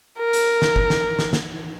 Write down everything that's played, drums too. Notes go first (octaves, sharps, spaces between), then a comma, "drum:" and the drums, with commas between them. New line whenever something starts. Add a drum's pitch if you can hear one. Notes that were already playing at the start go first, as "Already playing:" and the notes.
A#4
drum: hi-hat
drum: snare
drum: kick
drum: snare
drum: snare
drum: snare